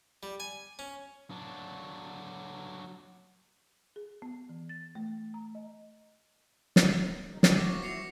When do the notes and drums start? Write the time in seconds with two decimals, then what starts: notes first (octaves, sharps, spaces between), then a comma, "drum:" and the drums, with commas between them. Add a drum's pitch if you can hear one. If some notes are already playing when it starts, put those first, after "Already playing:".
0.23 G3
0.40 G#5
0.79 C#4
1.31 F#3 D4
3.96 G#4
4.22 B3
4.49 E3
4.69 A6
4.95 A3
5.34 A#5
5.55 D#5
6.76 drum: snare
7.30 C#3 F#3 D#4
7.43 A4 G5 G#5, drum: snare
7.58 F3 F#4 D6 A#6
7.82 E4 F#4 C7 C#7 F7